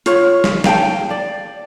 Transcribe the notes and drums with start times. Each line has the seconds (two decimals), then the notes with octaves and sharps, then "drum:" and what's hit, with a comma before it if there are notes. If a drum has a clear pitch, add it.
0.06 F4 C#5, drum: hi-hat
0.44 drum: snare
0.64 F5 G5 A5, drum: snare
1.10 D5